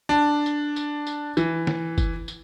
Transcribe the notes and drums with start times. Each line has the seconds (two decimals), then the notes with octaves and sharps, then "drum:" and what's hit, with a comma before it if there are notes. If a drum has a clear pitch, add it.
0.09 D4
0.46 drum: tambourine
0.76 drum: tambourine
1.07 drum: tambourine
1.37 E3, drum: tambourine
1.67 drum: snare
1.98 drum: kick, tambourine
2.28 drum: tambourine